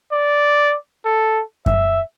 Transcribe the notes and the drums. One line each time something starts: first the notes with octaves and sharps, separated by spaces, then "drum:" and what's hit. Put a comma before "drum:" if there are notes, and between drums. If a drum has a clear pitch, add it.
D5
A4
E5, drum: kick F#2